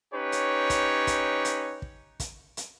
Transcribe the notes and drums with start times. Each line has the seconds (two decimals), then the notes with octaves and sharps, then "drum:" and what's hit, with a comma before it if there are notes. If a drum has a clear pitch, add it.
0.13 C#4 D#4 G4 B4 C#5
0.32 drum: hi-hat
0.70 drum: kick, hi-hat
1.07 drum: kick, hi-hat
1.45 drum: hi-hat
1.82 drum: kick
2.20 drum: kick, hi-hat
2.57 drum: hi-hat